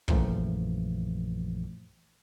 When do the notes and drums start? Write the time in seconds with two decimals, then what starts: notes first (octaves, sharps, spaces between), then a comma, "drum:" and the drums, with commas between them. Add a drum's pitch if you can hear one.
0.08 A#1 F#2 A#2 E3 F3 A3, drum: kick